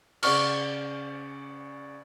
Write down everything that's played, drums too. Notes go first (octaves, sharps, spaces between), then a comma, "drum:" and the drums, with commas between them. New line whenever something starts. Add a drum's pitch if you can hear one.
C#3 D5 F#5 C#6 F6, drum: cymbal